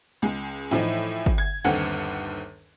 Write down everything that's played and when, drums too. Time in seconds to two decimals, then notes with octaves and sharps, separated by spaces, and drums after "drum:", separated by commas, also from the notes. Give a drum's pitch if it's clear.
0.22 C#2 G#3
0.71 A2 E3 F3 D#4
1.26 drum: kick
1.38 G#6
1.64 G1 D#2 D3 C4 A4 F#5